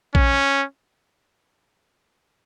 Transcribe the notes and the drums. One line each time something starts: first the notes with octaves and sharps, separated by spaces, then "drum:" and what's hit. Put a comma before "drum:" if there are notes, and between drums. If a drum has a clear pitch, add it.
C#4, drum: kick A#1